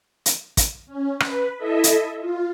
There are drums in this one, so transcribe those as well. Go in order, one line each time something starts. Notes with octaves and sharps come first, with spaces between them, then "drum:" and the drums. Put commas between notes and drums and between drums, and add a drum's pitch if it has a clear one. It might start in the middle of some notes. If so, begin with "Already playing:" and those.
drum: hi-hat
drum: kick, hi-hat
C#4
B4, drum: rim click
E4 A4 D#5 E5
drum: hi-hat
F4